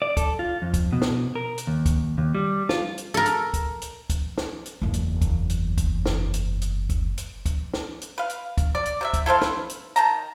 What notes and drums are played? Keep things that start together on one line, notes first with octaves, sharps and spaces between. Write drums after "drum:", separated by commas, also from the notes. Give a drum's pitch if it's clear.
D5
A4, drum: kick, hi-hat
F4
F2
drum: kick, hi-hat
B2
drum: snare
A#4
drum: hi-hat
D#2
drum: kick, hi-hat
D#2
G3
F4, drum: snare
drum: hi-hat
A4 A#4
drum: hi-hat
drum: kick, hi-hat
drum: hi-hat
drum: kick, hi-hat
drum: snare
drum: hi-hat
F#1 E2
drum: hi-hat
drum: kick, hi-hat
drum: hi-hat
drum: kick, hi-hat
drum: snare
drum: hi-hat
drum: hi-hat
drum: kick, hi-hat
drum: hi-hat
drum: kick, hi-hat
drum: snare
drum: hi-hat
B4 F5
drum: hi-hat
drum: kick, hi-hat
D5
drum: hi-hat
C3 D4 E5
drum: kick, hi-hat
E4 A4 C5 F5
B4, drum: snare
drum: hi-hat
D#3 A5 A#5, drum: hi-hat